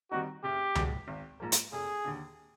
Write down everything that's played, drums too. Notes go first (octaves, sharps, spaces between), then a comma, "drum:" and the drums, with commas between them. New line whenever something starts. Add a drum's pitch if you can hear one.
D#3 G3 C4 D#4 F#4
F#1 G4
E2 B2 G#3, drum: tom C#2
G#1
G#2 F3 A#3
drum: hi-hat
F1 G#4
D#2 D3